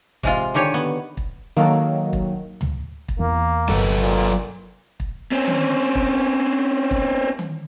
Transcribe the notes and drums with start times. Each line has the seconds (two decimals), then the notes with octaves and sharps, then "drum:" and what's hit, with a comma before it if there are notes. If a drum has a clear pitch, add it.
0.23 C3 G#3 F4, drum: kick
0.54 D3 D#3 G4 C#5 G#5
0.74 B3
1.17 drum: kick
1.57 D#3 F#3 A#3 A4 F5
2.13 drum: kick
2.61 drum: tom
3.09 drum: kick
3.19 E2 A#3
3.69 G1 F#3 A4 B4
4.01 A#2
5.00 drum: kick
5.32 C4 C#4
5.48 drum: tom D#3
5.95 drum: kick
6.91 drum: kick
7.39 drum: tom D#3